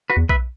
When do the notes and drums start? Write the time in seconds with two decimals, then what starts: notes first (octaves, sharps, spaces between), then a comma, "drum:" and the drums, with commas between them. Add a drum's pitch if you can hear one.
0.10 F#4 B4
0.16 E2
0.29 B4 E5, drum: kick B1